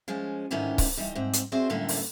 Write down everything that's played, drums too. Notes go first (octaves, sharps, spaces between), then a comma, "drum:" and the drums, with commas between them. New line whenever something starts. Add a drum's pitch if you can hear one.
F3 G#3 C#4
G#2 D3 D#3 C#4 E4 G4
drum: kick C#1, open hi-hat
E2 G3 D#4
G#2 C4
drum: hi-hat
C4 F#4 G#4 C5 D5 E5
F#2 A2 D3 G3 A#3 A4
drum: open hi-hat